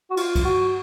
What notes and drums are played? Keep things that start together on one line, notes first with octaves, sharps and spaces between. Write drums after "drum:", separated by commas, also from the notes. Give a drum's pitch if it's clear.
F#4
F4, drum: cymbal
drum: kick C2, cymbal
F#4